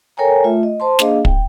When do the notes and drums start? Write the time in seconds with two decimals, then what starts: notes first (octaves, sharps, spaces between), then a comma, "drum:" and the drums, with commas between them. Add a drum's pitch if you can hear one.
0.17 A4 A#4 C#5 G5 G#5 A#5
0.44 A3 F4 E5
0.63 D#5
0.80 C5 A5 C6
0.99 A#3 D4 G#4 D#5 F5, drum: snare
1.25 G5, drum: kick